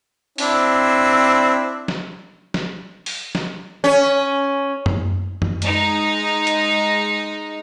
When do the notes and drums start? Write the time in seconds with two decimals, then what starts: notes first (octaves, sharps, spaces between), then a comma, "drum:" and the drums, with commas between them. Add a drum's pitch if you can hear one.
0.38 C4 D4 E4, drum: open hi-hat
1.88 drum: snare
2.54 drum: snare
3.06 drum: open hi-hat
3.35 drum: snare
3.84 C#4
4.86 drum: tom F#2
5.42 drum: tom F#2
5.62 G#3 D#4, drum: hi-hat
6.47 drum: hi-hat